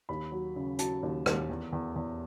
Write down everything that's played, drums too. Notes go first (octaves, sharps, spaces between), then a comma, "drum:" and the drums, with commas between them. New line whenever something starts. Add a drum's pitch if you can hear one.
D#2 B5
F#3
C#3
F#3 A5, drum: hi-hat
D#2
D#2, drum: rim click
E2
E2
E2